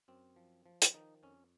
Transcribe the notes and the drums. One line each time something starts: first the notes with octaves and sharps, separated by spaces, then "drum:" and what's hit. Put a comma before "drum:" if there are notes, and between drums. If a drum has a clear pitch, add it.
F#2 C4
F3
F3
drum: hi-hat
D#3 D#4
F2 C#4